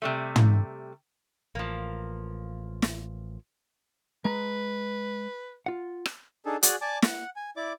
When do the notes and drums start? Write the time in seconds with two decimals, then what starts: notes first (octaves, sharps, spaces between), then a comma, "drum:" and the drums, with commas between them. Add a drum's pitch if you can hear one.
0.02 C3 G3 A3
0.36 drum: tom
1.55 A1 F3 A#3
2.82 drum: snare
4.25 G#3 B4 A#5
5.66 F4 F#5
6.06 drum: rim click
6.46 D4 D#4 G#4 A4
6.63 F#4 G#4 D5 G#5 F#6, drum: hi-hat
6.81 D5 G#5 A5 D6
7.02 F#5, drum: snare
7.36 G#5
7.56 E4 D5 D6